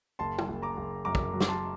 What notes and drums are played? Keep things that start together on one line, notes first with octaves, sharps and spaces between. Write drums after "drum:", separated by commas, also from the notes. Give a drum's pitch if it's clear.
F#1 A5 C6
drum: tom
F#1
A#5 D6
F#1
F#2 A#5 D6
drum: kick
F#3
D6, drum: snare
A5 C6